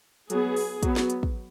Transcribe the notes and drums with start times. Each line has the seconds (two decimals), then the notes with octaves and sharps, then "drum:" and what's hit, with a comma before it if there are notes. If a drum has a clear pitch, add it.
0.30 F#3 B3 G#4, drum: hi-hat
0.57 drum: open hi-hat
0.83 F#3 B3, drum: kick, hi-hat
0.96 drum: snare
1.10 drum: hi-hat
1.23 drum: kick